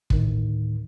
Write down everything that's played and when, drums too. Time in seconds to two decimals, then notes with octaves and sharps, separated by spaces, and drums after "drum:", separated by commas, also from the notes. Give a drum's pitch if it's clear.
0.10 D2 A2 D#3, drum: kick